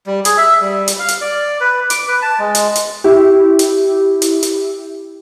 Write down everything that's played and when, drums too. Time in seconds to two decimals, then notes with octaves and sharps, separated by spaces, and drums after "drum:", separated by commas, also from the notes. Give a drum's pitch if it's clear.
0.07 G3
0.25 G#4, drum: hi-hat
0.38 E5
0.62 G3
0.88 drum: hi-hat
0.99 F5
1.08 drum: hi-hat
1.21 D5
1.60 B4
1.90 D6, drum: hi-hat
2.08 B4
2.22 A5
2.39 G#3
2.55 drum: hi-hat
2.75 drum: hi-hat
3.04 E4 G4
3.59 drum: hi-hat
4.22 drum: hi-hat
4.43 drum: hi-hat